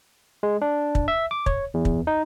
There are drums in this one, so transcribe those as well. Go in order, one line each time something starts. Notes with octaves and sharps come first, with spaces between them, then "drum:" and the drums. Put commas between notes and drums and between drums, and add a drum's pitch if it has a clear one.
G#3
D4
drum: kick
E5
D6
C#5, drum: kick
E2
drum: kick
D#4